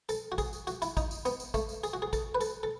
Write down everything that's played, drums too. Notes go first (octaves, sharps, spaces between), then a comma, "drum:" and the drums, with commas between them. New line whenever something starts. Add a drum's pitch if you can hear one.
A4, drum: tambourine
F#4
G#4, drum: kick, tambourine
drum: tambourine
F#4, drum: tambourine
E4, drum: tambourine
D#4, drum: kick, tambourine
drum: tambourine
B3, drum: tambourine
drum: tambourine
A3, drum: kick, tambourine
drum: tambourine
G#4, drum: tambourine
F#4
G#4
A4, drum: kick, tambourine
B4
A4, drum: tambourine
A4